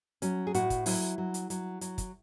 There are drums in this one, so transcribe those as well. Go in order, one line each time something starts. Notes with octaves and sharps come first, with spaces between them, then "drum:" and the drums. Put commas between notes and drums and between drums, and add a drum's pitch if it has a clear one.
F#3 C#4, drum: hi-hat
G#4
A2 F#4, drum: hi-hat
drum: kick, hi-hat
F#3 E4, drum: open hi-hat
F#3
drum: hi-hat
F#3, drum: hi-hat
F#3, drum: hi-hat
drum: kick, hi-hat